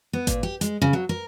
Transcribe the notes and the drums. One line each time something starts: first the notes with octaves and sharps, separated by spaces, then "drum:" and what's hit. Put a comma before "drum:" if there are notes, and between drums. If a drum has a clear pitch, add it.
B3
A#2, drum: kick G#1, hi-hat
G4
G#3, drum: hi-hat
C#3
F#3
A#4